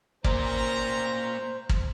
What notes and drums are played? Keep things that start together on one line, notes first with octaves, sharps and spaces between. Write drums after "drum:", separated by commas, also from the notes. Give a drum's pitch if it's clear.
A#3 C4 C#4 C5 D5 A#5, drum: kick
drum: kick